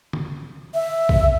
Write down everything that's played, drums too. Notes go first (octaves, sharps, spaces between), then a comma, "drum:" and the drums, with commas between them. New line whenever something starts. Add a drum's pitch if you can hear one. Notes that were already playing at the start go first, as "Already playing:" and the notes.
drum: tom
E5
drum: kick A#1